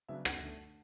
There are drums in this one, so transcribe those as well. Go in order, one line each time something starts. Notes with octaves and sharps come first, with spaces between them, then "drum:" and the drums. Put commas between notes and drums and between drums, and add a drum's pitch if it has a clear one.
C#3 F#3 B3 D4 E5
F#2 F#5, drum: rim click
D3 A3